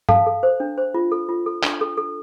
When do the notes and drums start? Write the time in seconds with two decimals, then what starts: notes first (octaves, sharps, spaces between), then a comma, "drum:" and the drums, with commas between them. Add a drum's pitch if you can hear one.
0.09 A4 F5 A5, drum: tom G2
0.26 A4
0.43 C5
0.60 D4
0.78 C5
0.94 F4
1.12 A4
1.29 F4
1.46 A4
1.63 D4, drum: clap
1.81 A4
1.97 A4